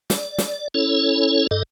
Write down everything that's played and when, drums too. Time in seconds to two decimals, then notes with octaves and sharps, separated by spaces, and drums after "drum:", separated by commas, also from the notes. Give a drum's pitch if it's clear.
0.10 D5, drum: snare
0.38 drum: snare
0.74 C#4 E4 A4 C#5
1.51 G2 A4 D#5